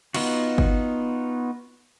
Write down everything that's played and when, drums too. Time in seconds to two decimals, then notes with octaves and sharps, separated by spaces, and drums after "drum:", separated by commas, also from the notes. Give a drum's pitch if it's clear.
0.14 B3 D#4 F4 F#4, drum: cymbal
0.58 drum: kick G1